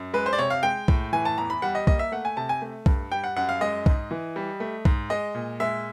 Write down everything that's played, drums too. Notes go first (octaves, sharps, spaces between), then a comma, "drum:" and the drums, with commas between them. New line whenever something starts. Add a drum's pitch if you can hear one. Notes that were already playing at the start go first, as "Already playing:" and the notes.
Already playing: F#2
G#3 B4
C5
D5
C3 C#5
F5
G#3 G5
A2, drum: kick
E3 G#5
A5
E2 A#5
B5
G3 F#5
D#5
A#3 D#5, drum: kick
E5
A3 F#5
G#5
C3 A5
G#5
A3
G2, drum: kick
G3 G5
F#5
F#2 F#5
F5
G#3 D#5
G#2, drum: kick
E3
G3
A3
G#2, drum: kick
G#3 D#5
A#2
G#3 E5